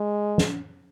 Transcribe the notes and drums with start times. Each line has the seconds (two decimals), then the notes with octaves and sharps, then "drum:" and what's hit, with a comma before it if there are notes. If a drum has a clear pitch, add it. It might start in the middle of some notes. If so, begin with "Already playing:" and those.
Already playing: G#3
0.38 drum: snare